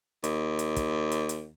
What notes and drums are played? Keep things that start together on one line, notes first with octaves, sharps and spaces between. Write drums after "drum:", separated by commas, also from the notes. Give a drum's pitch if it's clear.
D#2, drum: hi-hat
drum: hi-hat
drum: kick, hi-hat
drum: hi-hat
drum: hi-hat